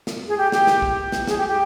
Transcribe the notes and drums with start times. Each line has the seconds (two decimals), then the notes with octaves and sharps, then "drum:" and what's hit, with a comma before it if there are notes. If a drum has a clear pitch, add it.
0.07 drum: snare
0.28 G#4
0.38 G4
0.52 G4, drum: snare
0.67 drum: snare
0.82 drum: kick
1.12 drum: snare
1.27 G#4, drum: snare
1.38 G4
1.48 G4